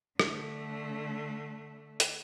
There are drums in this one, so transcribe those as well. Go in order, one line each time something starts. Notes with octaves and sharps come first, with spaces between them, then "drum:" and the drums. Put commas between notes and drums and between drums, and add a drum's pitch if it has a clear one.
D3 A3, drum: rim click
drum: hi-hat